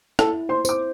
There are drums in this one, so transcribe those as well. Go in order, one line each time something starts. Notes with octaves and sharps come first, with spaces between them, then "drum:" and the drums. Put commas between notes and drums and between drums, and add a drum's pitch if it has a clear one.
E4 A4 A5, drum: rim click
C5 C6
C5 D6, drum: tambourine